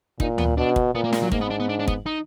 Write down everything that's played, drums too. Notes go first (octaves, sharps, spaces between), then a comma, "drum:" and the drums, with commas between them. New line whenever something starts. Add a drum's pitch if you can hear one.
A#2 D#4, drum: kick
B3, drum: tom D2
B2 D4
drum: kick
A#2 B3
A#3
G#3, drum: snare
F#3
G#2 A#3, drum: kick
B3
D4
B3
D4
D4
B3, drum: kick
D#4